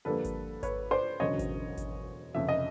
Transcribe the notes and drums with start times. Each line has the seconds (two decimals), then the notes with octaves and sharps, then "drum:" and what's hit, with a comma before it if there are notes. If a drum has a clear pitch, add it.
0.05 F2 D3 G3 A#3 A4 B4
0.24 drum: kick G#1, hi-hat
0.63 B4 C#5, drum: kick G#1, hi-hat
0.91 C5 D5
1.20 E1 D2 C#3 F#3 C#5 D#5
1.39 drum: kick G#1, hi-hat
1.77 drum: kick G#1, hi-hat
2.34 F1 F2 C#3 E5
2.48 D#5